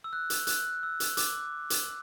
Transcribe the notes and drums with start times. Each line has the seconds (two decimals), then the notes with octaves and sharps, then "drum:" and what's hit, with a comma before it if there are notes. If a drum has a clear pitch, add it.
0.04 E6
0.13 F#6
0.30 drum: hi-hat
0.47 F#6, drum: hi-hat
0.83 E6
1.00 drum: hi-hat
1.17 D6, drum: hi-hat
1.70 drum: hi-hat